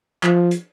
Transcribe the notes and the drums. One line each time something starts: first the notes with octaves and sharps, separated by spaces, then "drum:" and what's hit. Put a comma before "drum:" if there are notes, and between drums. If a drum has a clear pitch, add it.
F3, drum: clap
drum: hi-hat